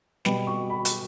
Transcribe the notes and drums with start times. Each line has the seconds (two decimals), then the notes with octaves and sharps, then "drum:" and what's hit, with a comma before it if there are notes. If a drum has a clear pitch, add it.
0.25 B2 G3 B3 B5, drum: snare
0.47 C#6
0.70 B5
0.85 drum: hi-hat